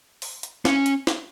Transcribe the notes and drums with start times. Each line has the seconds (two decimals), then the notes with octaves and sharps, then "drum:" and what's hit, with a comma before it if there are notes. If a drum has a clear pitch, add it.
0.22 drum: open hi-hat
0.43 drum: hi-hat
0.65 C#4, drum: snare
0.86 drum: hi-hat
1.07 drum: snare